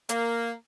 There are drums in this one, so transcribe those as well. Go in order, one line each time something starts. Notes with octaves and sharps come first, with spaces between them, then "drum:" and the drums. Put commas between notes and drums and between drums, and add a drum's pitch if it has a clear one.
A#3, drum: hi-hat